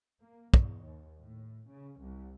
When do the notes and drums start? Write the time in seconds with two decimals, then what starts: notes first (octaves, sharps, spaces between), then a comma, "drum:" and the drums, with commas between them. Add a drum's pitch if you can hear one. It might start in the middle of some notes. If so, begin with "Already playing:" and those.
0.21 A#3
0.54 E2, drum: kick
0.83 D#2
1.21 A2
1.70 C#3
2.00 C2